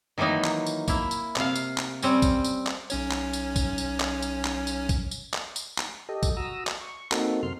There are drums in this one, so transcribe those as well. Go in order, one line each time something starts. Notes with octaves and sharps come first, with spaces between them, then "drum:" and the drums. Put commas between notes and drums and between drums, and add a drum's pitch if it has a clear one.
D#3 E3 F#3 A#3 D#4
drum: clap
drum: tambourine
A#3 E4, drum: kick A#1, tambourine
drum: tambourine
C3 F5, drum: clap
drum: tambourine
drum: clap
G3 C4 C#4, drum: tambourine
drum: kick A#1, tambourine
drum: tambourine
drum: clap
B1 C#4 C#5, drum: tambourine
drum: clap
drum: tambourine
drum: kick A#1, tambourine
drum: tambourine
drum: clap
drum: tambourine
drum: clap
drum: tambourine
drum: kick A#1, tambourine
drum: tambourine
drum: clap
drum: tambourine
drum: clap
G4 A4 D#5
drum: kick A#1, tambourine
F#4 A#5 D#6 E6
drum: clap
C#6
A#3 C4 D#4 F#4 A4, drum: clap
F#2 C3 C6 F6